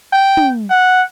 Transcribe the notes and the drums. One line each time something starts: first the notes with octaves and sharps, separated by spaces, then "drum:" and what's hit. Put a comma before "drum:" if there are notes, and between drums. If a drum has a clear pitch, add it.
G5
drum: tom
F#5